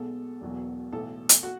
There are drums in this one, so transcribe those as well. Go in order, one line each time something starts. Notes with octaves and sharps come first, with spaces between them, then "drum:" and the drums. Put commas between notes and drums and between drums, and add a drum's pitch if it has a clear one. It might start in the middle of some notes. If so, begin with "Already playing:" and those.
Already playing: B1 B2 G#3 A4
E1 E2 B2 F#3
B1 A2 E3 A4
drum: hi-hat
F#4 F#5